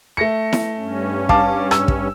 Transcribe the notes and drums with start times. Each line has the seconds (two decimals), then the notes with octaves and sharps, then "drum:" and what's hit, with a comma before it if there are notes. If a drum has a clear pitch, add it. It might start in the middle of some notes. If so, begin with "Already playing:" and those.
0.17 A3 A#6 C#7
0.53 drum: snare E4
0.76 G2 C#4
1.29 F5 A5 D6, drum: kick
1.71 E6, drum: rim click
1.88 drum: kick